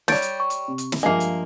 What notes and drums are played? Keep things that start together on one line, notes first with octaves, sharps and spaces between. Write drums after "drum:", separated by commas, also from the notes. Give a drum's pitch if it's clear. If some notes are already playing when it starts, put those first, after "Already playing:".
G3 C#5 G6 A6 D7, drum: snare
drum: hi-hat
C#6
drum: hi-hat
C3
drum: hi-hat
drum: snare
G2 F3 G#3 A#3 E5 G#5 C7
drum: hi-hat